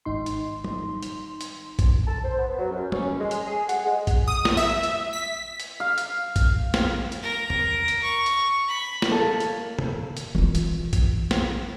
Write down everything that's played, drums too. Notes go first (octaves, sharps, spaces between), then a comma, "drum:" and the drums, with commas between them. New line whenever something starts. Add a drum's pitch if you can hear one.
G#1 G#2 D#4 C6
drum: hi-hat
drum: tom
drum: hi-hat
drum: hi-hat
drum: kick A#1, hi-hat
A5
C5
B3
F#3
F#2
C#4, drum: tom
G#3
drum: hi-hat
G#4
F#5, drum: hi-hat
G#3
drum: kick A#1, hi-hat
D#6
drum: snare
E5
drum: hi-hat
B6
drum: hi-hat
F5
drum: hi-hat
drum: kick A#1, hi-hat
drum: snare
drum: hi-hat
A#4
drum: tom E2
drum: hi-hat
C#6
drum: hi-hat
B5
drum: snare
A#3 A4 C#5
drum: hi-hat
drum: tom
drum: hi-hat
E3 F4
drum: hi-hat
drum: kick A#1, hi-hat
drum: snare